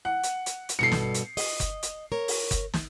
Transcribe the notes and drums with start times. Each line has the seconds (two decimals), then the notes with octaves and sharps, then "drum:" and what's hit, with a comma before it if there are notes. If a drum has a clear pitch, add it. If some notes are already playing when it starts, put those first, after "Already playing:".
0.05 F#5
0.23 drum: hi-hat
0.46 drum: hi-hat
0.69 drum: hi-hat
0.79 G2 B2 A4 C7 C#7
0.92 drum: snare
1.14 drum: hi-hat
1.37 D#5, drum: open hi-hat
1.60 drum: kick F#1, hi-hat
1.83 drum: hi-hat
2.12 A#4 C#5
2.28 drum: open hi-hat
2.51 drum: kick F#1, hi-hat
2.74 drum: snare